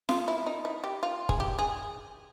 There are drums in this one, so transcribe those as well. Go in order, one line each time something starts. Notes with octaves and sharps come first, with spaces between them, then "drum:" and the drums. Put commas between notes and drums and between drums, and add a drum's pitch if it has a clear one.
F4, drum: snare F4
E4
D#4
E4
G4
F4
G#4, drum: kick
G4
G#4